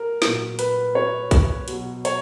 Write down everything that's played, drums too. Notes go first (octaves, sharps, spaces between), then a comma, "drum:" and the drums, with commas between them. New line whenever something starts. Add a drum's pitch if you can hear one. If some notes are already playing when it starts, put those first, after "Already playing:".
Already playing: A#4
A#2 F#3, drum: snare
B4, drum: hi-hat
C#5
drum: kick, hi-hat
B2 F#3, drum: hi-hat
C#5, drum: hi-hat